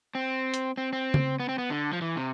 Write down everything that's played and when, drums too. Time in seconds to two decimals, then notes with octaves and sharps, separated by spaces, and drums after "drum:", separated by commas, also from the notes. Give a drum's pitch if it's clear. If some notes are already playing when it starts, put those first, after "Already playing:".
0.15 C4
0.54 drum: hi-hat
0.77 C4
0.93 C4
1.14 drum: tom C#3
1.40 B3
1.49 C4
1.58 B3
1.70 D3
1.93 F3
2.01 E3
2.17 C3